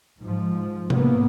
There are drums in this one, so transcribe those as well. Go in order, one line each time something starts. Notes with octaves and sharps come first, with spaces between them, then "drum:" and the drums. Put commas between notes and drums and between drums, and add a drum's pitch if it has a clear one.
G#2 F3
A2 A#3 B3, drum: tom C3